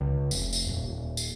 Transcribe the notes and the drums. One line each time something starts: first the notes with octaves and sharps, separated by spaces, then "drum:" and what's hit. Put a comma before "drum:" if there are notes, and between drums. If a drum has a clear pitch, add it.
C#2
F1, drum: tambourine
drum: tambourine
D#1
D#1
drum: tambourine